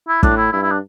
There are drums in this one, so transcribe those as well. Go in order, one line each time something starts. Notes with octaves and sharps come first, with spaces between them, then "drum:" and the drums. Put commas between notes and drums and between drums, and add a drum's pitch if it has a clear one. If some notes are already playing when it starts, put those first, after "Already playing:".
E4
A2 D4, drum: kick
E4
G2 E4
E4
D4